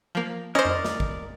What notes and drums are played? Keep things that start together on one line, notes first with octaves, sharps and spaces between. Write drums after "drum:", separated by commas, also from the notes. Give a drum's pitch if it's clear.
F3 A#3
C#4 A#4 C5 D5 D#5
drum: tom F2
drum: snare
drum: kick